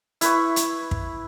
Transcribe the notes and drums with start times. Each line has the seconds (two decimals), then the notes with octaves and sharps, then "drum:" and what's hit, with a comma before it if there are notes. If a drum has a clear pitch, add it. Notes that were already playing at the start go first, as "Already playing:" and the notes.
0.21 E4 B4 C#6, drum: hi-hat
0.56 drum: hi-hat
0.91 drum: kick